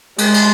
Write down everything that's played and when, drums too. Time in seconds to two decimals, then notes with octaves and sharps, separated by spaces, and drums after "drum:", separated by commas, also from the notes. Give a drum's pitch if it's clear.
0.18 G#3, drum: cymbal
0.34 drum: cymbal